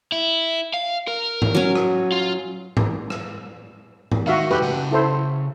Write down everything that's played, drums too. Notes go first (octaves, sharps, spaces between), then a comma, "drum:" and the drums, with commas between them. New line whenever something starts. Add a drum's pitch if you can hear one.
E4
F5
A#4
drum: tom G#2
F#3 C#4
drum: rim click
F4
drum: tom G#2
drum: rim click
drum: tom G#2
D#3 F#4 E5 F5
F#2 A3 G4 B4
C#3 F#5
E4 A4 C5